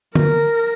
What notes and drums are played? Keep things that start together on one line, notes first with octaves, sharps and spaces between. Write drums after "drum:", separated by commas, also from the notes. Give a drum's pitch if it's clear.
A#4, drum: tom D3